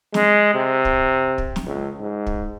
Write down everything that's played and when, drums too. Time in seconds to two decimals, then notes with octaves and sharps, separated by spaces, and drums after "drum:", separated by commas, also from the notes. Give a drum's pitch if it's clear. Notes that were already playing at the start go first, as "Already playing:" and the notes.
0.14 G#3, drum: snare
0.54 C3
0.85 drum: kick
1.38 drum: kick
1.56 drum: snare
1.67 C#2
2.00 G#2
2.27 drum: kick